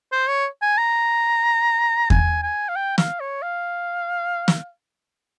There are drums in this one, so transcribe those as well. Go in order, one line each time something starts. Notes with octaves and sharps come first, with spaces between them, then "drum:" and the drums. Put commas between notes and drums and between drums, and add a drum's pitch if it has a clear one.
C5
C#5
G#5
A#5
G#5, drum: kick E2
G#5
F5
G5
F5, drum: snare
C#5
F5
drum: snare